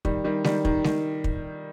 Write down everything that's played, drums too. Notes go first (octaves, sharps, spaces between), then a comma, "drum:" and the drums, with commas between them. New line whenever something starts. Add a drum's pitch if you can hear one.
D#3 G3, drum: kick
D#3 G3
D#3 G3, drum: snare G#3
D#3, drum: kick
D#3, drum: snare G#3
drum: kick